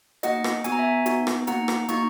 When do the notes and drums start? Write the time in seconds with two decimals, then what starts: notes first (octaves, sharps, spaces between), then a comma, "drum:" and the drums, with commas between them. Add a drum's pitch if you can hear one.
0.23 A#3 D#4 F#4 D#5 F#5, drum: hi-hat
0.44 drum: rim click
0.64 B3 F#4 G#5, drum: hi-hat
0.72 A#5
0.79 E5 G#5
1.06 B3 D#4 F#4, drum: hi-hat
1.27 drum: rim click
1.47 A#3 D#4 F#4 F#5 A#5, drum: hi-hat
1.68 drum: rim click
1.89 A#3 D#4 F#4 A#5 C#6, drum: hi-hat